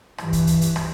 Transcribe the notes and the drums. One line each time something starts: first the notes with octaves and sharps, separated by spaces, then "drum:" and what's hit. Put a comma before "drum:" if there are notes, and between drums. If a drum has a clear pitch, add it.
G2 E3, drum: rim click
drum: kick D2, hi-hat
drum: hi-hat
drum: hi-hat
drum: rim click